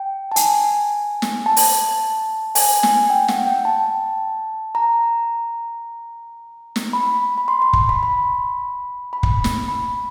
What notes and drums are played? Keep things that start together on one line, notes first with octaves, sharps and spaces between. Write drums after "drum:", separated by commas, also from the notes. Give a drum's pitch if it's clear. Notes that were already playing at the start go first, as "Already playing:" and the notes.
Already playing: G5
A5
G#5, drum: hi-hat
drum: snare
A5
drum: open hi-hat
G#5, drum: open hi-hat
G#5, drum: snare
G5
F#5, drum: snare
G5
A5
A#5
drum: snare
B5
B5
C6
C6
drum: kick
B5
B5
B5
drum: kick
drum: snare
B5